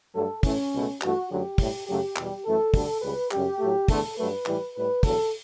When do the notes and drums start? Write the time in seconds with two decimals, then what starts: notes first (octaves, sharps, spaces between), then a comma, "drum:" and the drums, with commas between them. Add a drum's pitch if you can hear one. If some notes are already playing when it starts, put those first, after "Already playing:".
0.14 G2 F#3 A3 A4
0.43 A2 E3 A3 C#4, drum: kick, open hi-hat
0.72 C#2 B2 A3
1.01 G2 E3 A3 F#4, drum: clap
1.30 F#2 D3 F#3 A3 G4
1.58 A2 G3, drum: kick, open hi-hat
1.87 F#2 C#3 F#3 A3 G4
2.16 E2 B2 G3, drum: clap
2.45 F#2 E3 A3 A4
2.74 D2 D3 G3, drum: kick, open hi-hat
3.02 C#2 C#3 G3 B4
3.31 F#2 C#3 G3 G4, drum: clap
3.59 A2 F#3 A3
3.88 E2 D3 A3 A4, drum: kick, open hi-hat
4.17 G2 F#3 A3 B4
4.46 A2 E3 G3, drum: clap
4.75 A2 G3 B4
5.03 E2 D3 F#3 A4, drum: kick, open hi-hat